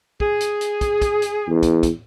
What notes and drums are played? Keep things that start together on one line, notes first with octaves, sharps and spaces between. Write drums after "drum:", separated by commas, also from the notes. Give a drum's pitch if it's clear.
G#4, drum: kick
drum: hi-hat
drum: hi-hat
drum: kick, hi-hat
drum: kick, hi-hat
drum: hi-hat
E2
drum: kick, hi-hat
drum: kick, hi-hat